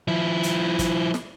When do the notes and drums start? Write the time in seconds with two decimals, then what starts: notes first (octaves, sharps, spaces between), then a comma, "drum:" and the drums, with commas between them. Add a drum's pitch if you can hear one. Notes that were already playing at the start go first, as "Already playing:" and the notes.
0.08 F3 E4
0.43 drum: hi-hat
0.79 drum: kick, hi-hat
1.14 drum: snare